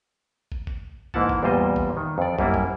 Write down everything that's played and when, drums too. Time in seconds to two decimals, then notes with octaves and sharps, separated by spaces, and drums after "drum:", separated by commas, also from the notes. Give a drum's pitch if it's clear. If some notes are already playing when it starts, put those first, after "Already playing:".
0.52 drum: kick
0.67 drum: kick
1.14 G#2 E3 A#3 E4 F#5 A5, drum: kick
1.29 drum: kick
1.43 E2 A#2 G3 C5 D#5
1.76 drum: kick
1.97 D#3
2.18 F2 D5
2.39 F#2 G3 A#3 E4, drum: kick
2.54 drum: kick